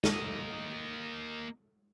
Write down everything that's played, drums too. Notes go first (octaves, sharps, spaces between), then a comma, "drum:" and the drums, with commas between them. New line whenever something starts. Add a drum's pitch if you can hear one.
A#3 D#5, drum: snare